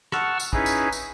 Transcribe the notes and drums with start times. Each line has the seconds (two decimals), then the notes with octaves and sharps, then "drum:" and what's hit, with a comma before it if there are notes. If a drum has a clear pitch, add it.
0.12 F#5 A5 C#6 E6 F6, drum: rim click
0.40 drum: tambourine
0.53 C#4 D#4 E4 G#4 B4, drum: kick
0.66 drum: tambourine
0.92 drum: tambourine